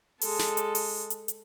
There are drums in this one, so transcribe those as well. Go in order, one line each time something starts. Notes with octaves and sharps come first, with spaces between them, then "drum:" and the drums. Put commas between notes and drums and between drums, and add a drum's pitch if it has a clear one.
G#3 A4, drum: open hi-hat
drum: snare
drum: hi-hat
drum: open hi-hat
drum: hi-hat
drum: hi-hat